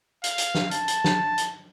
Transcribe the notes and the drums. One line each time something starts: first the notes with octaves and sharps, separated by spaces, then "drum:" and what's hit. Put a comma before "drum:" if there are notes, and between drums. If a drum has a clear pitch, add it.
F5, drum: hi-hat
drum: hi-hat
drum: snare
A5, drum: hi-hat
drum: hi-hat
drum: snare
drum: hi-hat